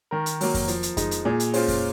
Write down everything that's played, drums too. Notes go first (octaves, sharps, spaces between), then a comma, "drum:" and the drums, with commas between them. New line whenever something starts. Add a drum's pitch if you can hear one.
D#3 A#4
drum: hi-hat
F#3 A#3, drum: open hi-hat
drum: kick F2, open hi-hat
F3, drum: hi-hat
drum: hi-hat
G#3 D#4, drum: kick F2, hi-hat
drum: hi-hat
A#2 G#4
drum: hi-hat
G#3 C#4 F4 C5, drum: open hi-hat
drum: kick F2, open hi-hat